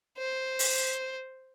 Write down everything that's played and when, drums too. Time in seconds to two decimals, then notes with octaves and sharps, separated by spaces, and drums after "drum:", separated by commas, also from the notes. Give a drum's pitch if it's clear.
0.18 C5
0.59 drum: open hi-hat